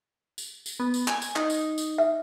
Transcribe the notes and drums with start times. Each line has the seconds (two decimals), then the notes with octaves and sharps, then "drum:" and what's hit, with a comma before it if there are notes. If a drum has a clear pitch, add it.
0.38 drum: tambourine
0.66 drum: tambourine
0.80 B3
0.94 drum: tambourine
1.08 G#5, drum: clap
1.22 drum: tambourine
1.36 D#4, drum: clap
1.50 drum: tambourine
1.78 drum: tambourine
1.98 E5